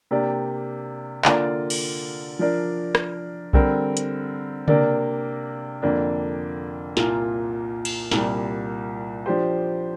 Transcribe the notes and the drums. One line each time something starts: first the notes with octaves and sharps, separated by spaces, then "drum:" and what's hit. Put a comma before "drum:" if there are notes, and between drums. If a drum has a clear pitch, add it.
C3 A#3 D4 G4 D5
D3 A#3 F4 D5, drum: clap
drum: cymbal
F3 D4 A#4 D5
drum: rim click
D3 G3 C4 A#4, drum: kick B1
drum: hi-hat
C3 A#3 D4 A#4 D5, drum: tom C#3
F2 D3 A#3 D4
C2 A#2 A#3 F4, drum: snare
drum: cymbal
C2 A#2 G3, drum: snare
F3 D4 G4 C5